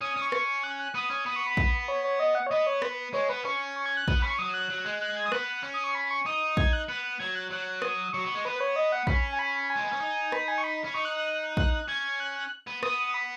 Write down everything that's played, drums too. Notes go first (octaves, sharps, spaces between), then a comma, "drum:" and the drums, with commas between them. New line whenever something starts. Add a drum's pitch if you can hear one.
C#4 D#6
D#6
C#4
C#6
C#6, drum: rim click
F#6
F#6
B3 D#6
C#4
B3 D#6
C#6
B5
drum: kick
C#5
C#5
D#5
F#5
C#5
B3 D#5
C#5
B4, drum: rim click
G#3 C#5
B3 B4
C#4 C#6
C#6
G#6
F#6
B3, drum: kick
C#4 B5
C#6
F#3 D#6
F#6
F#3
G#3
F#6
G#6
D#6
B3 F#6, drum: rim click
C#4
D#6
C#6
B5
C#6
D#4 D#6
G#6, drum: kick
F#6
B3 F#6
F#3 G#6
F#6
F#3 F#6
D#6, drum: rim click
F#3 C#6
B3
G#3
B3 B4
B4
C#5
D#5
F#5
C#4 B5, drum: kick
G#5
B5
G#5
G#3
B3
C#4
D#4
B5, drum: rim click
G#5
C#6
B5
C#4
D#4 C#6
F#6
F#6
F#6, drum: kick
F#6
C#4 G#6
F#6
F#6
B3
B3 D#6, drum: rim click
B5